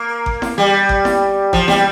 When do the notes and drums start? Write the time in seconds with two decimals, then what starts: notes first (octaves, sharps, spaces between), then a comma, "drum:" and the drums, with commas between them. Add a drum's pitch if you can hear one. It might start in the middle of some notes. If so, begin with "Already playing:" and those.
Already playing: A#3
0.26 drum: kick G#1
0.42 drum: snare E4
0.58 G3
0.89 drum: kick G#1
1.05 drum: snare E4
1.53 F3, drum: kick G#1
1.68 G3, drum: snare E4